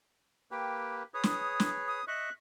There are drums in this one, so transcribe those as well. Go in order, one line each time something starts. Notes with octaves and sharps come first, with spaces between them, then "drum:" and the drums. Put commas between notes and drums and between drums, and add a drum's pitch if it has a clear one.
A#3 G4 B4 G5
G#4 B4 C#5 D#6
drum: snare
drum: snare
D#6
D#5 E5 C#6 F#6